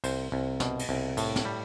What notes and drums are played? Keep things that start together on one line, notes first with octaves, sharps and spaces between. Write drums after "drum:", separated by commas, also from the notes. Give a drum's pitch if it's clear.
C2 C5, drum: cymbal
C2
B2, drum: snare
drum: cymbal
C2
A2, drum: cymbal
drum: snare
G3